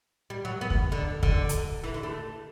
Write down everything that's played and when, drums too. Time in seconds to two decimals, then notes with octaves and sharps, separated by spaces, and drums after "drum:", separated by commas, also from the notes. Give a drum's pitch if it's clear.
0.30 G3
0.45 F#3
0.61 B3
0.70 drum: kick
0.92 D3
1.23 D3, drum: kick
1.49 drum: hi-hat
1.84 E3
1.94 D3
2.03 A3